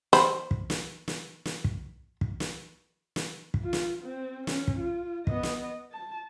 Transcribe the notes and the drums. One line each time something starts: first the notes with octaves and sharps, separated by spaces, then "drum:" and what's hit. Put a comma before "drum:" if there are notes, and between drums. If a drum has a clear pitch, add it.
C5 B5, drum: snare
drum: kick
drum: snare
drum: snare
drum: snare
drum: kick
drum: kick
drum: snare
drum: snare
drum: kick
F4
drum: snare
C4
C#4, drum: snare
drum: kick
F4
B3 D#5, drum: kick
drum: snare
A5